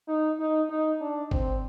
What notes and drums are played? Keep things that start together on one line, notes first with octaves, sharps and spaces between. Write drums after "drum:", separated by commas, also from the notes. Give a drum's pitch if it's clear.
D#4
D#4
D#4
D4
C4, drum: kick